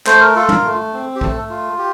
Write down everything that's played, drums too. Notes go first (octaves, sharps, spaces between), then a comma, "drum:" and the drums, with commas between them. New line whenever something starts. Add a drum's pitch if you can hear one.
A3 C5, drum: clap
A#4
F4 A4
A#4, drum: tom
A3
C4
G4
A3 A4, drum: kick
F4
G4